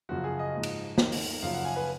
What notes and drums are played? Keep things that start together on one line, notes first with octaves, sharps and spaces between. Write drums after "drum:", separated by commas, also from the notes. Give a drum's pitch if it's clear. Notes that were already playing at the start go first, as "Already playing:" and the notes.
F#2 C#3 F3 F#4
G#4
D#5
G#2 F3
drum: cymbal
D#2 D#3, drum: snare
drum: open hi-hat
F#2 C#3 F3 F5
F#5
G#5
B4